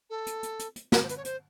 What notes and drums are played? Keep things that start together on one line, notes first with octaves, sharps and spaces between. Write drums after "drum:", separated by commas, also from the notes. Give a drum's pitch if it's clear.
A4
drum: hi-hat
drum: hi-hat
drum: hi-hat
drum: hi-hat
A#4, drum: snare
C5
B4, drum: hi-hat
C#5
C5, drum: hi-hat